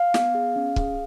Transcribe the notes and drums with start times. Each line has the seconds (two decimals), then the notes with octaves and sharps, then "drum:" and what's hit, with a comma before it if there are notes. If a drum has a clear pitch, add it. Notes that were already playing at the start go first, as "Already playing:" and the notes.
Already playing: F5
0.14 B3, drum: snare
0.35 G#4
0.56 C#4
0.76 G#4, drum: kick